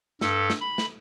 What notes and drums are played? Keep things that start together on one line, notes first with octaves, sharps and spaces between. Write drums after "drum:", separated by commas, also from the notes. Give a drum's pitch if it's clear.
G2 A4, drum: snare
drum: snare
B5
drum: snare